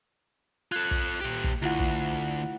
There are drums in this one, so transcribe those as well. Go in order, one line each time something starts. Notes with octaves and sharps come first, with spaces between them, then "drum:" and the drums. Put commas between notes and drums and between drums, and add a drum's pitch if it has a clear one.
F4 A4 F#6 G#6
drum: kick
A#2 G4
drum: kick
D2 E4 F4 F#5
drum: kick